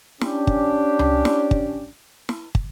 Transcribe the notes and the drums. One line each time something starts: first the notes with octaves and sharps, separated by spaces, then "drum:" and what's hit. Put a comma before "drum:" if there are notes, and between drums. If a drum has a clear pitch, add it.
C#4 D4 G4, drum: snare
drum: kick
drum: tom C#2
drum: snare
drum: kick
drum: snare
drum: kick